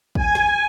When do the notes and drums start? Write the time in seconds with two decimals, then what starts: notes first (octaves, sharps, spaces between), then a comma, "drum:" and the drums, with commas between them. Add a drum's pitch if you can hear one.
0.15 G#5, drum: kick
0.35 drum: snare